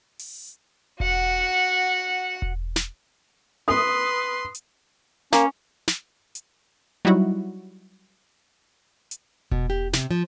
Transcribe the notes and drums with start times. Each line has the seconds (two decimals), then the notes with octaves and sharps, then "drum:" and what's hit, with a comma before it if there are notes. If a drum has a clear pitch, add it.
0.19 drum: open hi-hat
1.00 F#4 F#5, drum: kick E1
2.42 drum: kick E1
2.76 drum: snare
3.68 B4 C6 D#6
4.55 drum: hi-hat
5.33 A#3 C#4, drum: snare
5.88 drum: snare
6.35 drum: hi-hat
7.05 F#3 G3 D#4 E4 F#4
9.11 drum: hi-hat
9.51 B2, drum: kick E1
9.70 G4
9.93 C3, drum: snare
10.11 F3